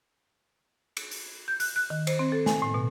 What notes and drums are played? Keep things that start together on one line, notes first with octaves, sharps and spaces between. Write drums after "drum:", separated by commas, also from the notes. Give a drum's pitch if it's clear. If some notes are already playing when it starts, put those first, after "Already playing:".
drum: cymbal
drum: open hi-hat
G6
F#6, drum: open hi-hat
F#6
D#3
C5, drum: cymbal
C4
A4
G#5, drum: snare
A2
B2